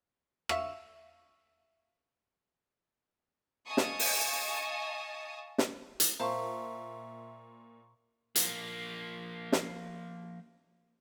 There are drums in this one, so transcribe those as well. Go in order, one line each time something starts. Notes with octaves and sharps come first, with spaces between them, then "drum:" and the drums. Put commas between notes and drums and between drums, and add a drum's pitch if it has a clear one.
E5 F5 C#6 E6, drum: rim click
D#5 F5 G#5 A5 C#6 D#6
drum: snare
drum: open hi-hat
drum: snare
drum: hi-hat
A#2 C5 E5 F5 A5 A#5 C6 C#6
F3 A#3, drum: hi-hat
drum: snare